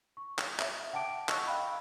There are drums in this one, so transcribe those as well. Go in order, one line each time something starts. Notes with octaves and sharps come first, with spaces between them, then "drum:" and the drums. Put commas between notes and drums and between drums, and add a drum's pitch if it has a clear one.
C#6
drum: clap
E5, drum: clap
F#5 G5 A5 D6 D7
D#5 C#6 E6 F#6, drum: clap
F5 G5 B5